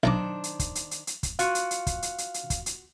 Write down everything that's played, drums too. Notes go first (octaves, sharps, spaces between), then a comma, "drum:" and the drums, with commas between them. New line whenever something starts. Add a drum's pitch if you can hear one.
B1 D#3 D4 C5 A#5 D6
drum: hi-hat
drum: kick, hi-hat
drum: hi-hat
drum: hi-hat
drum: hi-hat
drum: kick, hi-hat
F4 F#4 F5, drum: hi-hat
drum: hi-hat
drum: hi-hat
drum: kick, hi-hat
drum: hi-hat
drum: hi-hat
drum: hi-hat
drum: kick, hi-hat
drum: hi-hat